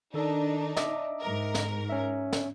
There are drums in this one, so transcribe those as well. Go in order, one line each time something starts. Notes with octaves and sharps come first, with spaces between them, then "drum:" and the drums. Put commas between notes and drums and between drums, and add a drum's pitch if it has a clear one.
D#3 D4 D#4 A4
D#5 E5 D6, drum: snare
G#2 A#4
drum: snare
C#4 E5
drum: snare